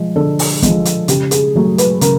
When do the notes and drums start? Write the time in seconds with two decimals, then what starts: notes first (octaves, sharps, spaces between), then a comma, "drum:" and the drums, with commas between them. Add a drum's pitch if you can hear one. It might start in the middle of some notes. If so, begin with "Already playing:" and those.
Already playing: F3 G#3
0.16 D3 A4
0.39 drum: open hi-hat
0.62 F3 G#3, drum: kick, hi-hat
0.85 drum: hi-hat
1.08 C#3 G4, drum: hi-hat
1.31 G#4, drum: hi-hat
1.55 F#3 A3
1.78 B4, drum: hi-hat
2.01 C#3 A#4, drum: hi-hat